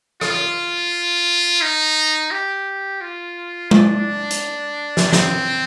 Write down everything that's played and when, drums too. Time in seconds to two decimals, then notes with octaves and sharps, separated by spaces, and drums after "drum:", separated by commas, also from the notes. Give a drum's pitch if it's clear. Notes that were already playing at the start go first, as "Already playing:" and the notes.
0.21 F4, drum: rim click
1.62 D#4
2.31 G4
3.01 F4
3.71 D4, drum: tom G#3
4.30 drum: hi-hat
4.97 drum: snare
5.12 C4, drum: snare